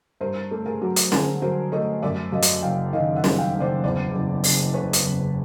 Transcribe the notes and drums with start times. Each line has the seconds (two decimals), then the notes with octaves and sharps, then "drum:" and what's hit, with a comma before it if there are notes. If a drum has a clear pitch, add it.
0.21 G2 A#4 C5
0.51 A3
0.66 G#4 A#4
0.82 F#3
0.96 drum: hi-hat
1.12 D3 G#4 A#4, drum: snare
1.42 F#3 A#4 C5
1.72 A3 C#5 D#5
2.02 F#2 D5 E5
2.33 F#2 D#5 F5
2.43 drum: hi-hat
2.63 F#1 F5 G5
2.93 D#3 D#5 F5
3.16 E5 F#5
3.24 G3, drum: snare
3.39 F5 G5
3.54 F#1
3.60 C5 D5
3.84 E2 C5 D5
4.14 F#1
4.44 F#1, drum: open hi-hat
4.74 C#3 B4 C#5
4.93 drum: hi-hat
5.04 F#1